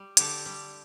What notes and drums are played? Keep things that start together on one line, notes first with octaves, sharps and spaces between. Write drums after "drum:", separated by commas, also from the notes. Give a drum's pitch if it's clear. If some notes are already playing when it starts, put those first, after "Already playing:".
Already playing: G3
D3 G4 A4, drum: hi-hat
G3